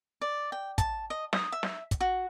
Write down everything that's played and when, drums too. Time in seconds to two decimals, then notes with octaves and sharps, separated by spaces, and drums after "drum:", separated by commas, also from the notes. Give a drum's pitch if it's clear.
0.21 D5
0.52 G5
0.78 A5, drum: kick, hi-hat
1.10 D#5
1.33 D#6, drum: snare
1.52 E5
1.63 drum: snare
1.91 drum: kick, hi-hat
2.01 F#4